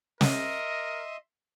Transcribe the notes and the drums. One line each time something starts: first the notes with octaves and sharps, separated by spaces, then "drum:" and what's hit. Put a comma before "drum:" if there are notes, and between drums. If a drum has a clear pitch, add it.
A#4 D#5 E5 C6, drum: snare